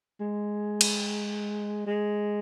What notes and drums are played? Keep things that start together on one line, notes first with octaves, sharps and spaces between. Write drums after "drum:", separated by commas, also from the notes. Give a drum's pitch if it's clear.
G#3
drum: cymbal
G#3